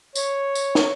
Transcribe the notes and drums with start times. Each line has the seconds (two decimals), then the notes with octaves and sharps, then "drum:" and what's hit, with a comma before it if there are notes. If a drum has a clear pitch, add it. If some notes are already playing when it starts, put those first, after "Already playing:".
0.15 C#5, drum: tambourine
0.55 drum: tambourine
0.75 drum: snare